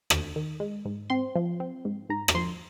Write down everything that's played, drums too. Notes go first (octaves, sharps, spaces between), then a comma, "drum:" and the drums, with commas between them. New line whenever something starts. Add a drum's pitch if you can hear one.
D#2, drum: rim click
D#3
G#3
G#2
C4 C6
F3
C4
G#2
G#2 A#5
A#5, drum: rim click
F3 C6